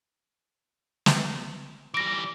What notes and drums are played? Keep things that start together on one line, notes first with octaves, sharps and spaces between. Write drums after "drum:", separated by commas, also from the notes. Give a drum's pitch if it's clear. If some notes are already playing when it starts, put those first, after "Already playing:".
drum: snare
E3 G3 A#6 D7